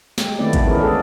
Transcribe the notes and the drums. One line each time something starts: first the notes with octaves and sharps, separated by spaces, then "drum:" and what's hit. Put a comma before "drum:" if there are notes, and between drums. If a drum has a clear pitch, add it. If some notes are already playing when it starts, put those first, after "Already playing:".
G#3 G4, drum: snare
D#3 A3 B3 C4 E4 D5
drum: kick, hi-hat
E3 B3 C#4 E4 G#4 A#4
G#3 A#3 G#4 A4 D5